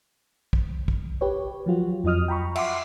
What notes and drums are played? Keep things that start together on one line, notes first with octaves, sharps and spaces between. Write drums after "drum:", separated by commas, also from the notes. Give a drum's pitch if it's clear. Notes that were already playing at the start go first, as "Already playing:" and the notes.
drum: kick
drum: kick
G4 B4 C#5
F3 F#3 F4 F#4
F2 F#3 F4 D#5 D#6 F6
G5 A#5 B5 C#6
E5 F#5 C6 D6, drum: cymbal